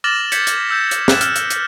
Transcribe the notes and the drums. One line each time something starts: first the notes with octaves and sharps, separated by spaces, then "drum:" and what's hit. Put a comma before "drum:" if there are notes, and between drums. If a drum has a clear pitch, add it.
D6 F6 A6 A#6 E7 F#7
G6 G#6 B6 C#7, drum: hi-hat
drum: hi-hat
E6 G6
drum: hi-hat
F#6 E7, drum: snare
F6, drum: hi-hat
drum: hi-hat
drum: hi-hat